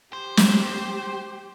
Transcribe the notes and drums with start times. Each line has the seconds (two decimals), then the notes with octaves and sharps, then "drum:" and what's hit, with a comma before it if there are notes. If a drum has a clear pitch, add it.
0.13 G4 C5
0.37 drum: snare